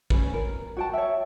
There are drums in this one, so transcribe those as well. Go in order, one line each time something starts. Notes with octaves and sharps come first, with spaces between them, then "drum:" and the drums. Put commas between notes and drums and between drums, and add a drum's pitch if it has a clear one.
C#4 B4, drum: kick
A#4
F#4 G5 A5
C#5 E5